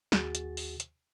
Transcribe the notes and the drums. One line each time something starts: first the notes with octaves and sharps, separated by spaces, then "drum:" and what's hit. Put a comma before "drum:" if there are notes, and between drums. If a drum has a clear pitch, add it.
D#2 F#4 G#4 A6, drum: snare
drum: hi-hat
drum: open hi-hat
drum: hi-hat